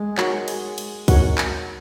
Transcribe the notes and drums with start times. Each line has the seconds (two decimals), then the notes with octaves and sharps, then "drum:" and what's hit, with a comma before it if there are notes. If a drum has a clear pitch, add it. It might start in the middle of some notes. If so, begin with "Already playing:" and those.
Already playing: G#3
0.18 D#4 F#4 A#4 C#5 F#5, drum: clap
0.48 drum: cymbal
0.78 drum: cymbal
1.08 D#4 F#4 A#4 C#5 F#5, drum: kick, cymbal
1.38 drum: clap